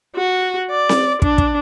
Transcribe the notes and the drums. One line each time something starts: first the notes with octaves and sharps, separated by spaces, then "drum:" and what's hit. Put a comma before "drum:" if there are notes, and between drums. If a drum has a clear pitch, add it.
F#4
D5
drum: snare C4
D4, drum: kick
drum: kick